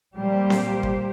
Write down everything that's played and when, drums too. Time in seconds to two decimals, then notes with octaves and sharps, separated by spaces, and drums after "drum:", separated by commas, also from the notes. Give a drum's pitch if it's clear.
0.17 A#2 G3 A#3 G4 C5
0.50 drum: snare C4
0.83 drum: kick